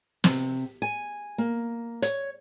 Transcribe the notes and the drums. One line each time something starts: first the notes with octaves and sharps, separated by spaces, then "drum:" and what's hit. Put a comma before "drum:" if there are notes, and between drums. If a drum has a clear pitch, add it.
C3, drum: snare
G#5
A#3
C#5, drum: hi-hat